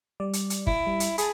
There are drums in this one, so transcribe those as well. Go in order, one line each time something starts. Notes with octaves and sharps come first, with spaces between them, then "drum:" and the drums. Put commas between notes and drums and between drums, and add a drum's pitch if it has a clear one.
G3 D5
drum: hi-hat
drum: hi-hat
E4, drum: kick F#1
G3
drum: hi-hat
G#4 A5 B5, drum: hi-hat